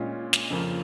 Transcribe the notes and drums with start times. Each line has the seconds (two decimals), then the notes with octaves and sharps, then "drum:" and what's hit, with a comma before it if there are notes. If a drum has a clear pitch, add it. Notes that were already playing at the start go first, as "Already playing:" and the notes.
Already playing: A#2 G#3 C#4 F4
0.33 drum: snare
0.50 F2 C#3 F3 A#3 F4